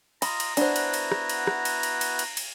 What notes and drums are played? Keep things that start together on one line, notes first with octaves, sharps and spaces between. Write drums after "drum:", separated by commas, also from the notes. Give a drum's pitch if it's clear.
F4 D#5 A#5 B5, drum: cymbal
drum: cymbal
B3 D4 E4 F#4 C5, drum: cymbal
drum: cymbal
drum: cymbal
drum: rim click
drum: cymbal
drum: rim click
drum: cymbal
drum: cymbal
drum: cymbal
drum: cymbal
drum: cymbal